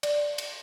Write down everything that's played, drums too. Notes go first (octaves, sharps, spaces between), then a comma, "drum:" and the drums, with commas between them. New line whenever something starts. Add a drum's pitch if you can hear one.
D5, drum: cymbal
drum: cymbal